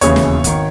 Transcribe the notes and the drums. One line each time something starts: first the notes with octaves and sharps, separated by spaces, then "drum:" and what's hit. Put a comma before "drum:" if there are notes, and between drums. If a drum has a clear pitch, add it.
E1 D#2 C#3 E3 C#5, drum: hi-hat
drum: snare
G#1 D#3, drum: kick, hi-hat